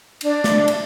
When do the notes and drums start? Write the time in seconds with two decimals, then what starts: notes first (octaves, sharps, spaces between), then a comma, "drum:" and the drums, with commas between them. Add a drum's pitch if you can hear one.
0.21 D4, drum: cymbal
0.44 drum: snare
0.68 drum: cymbal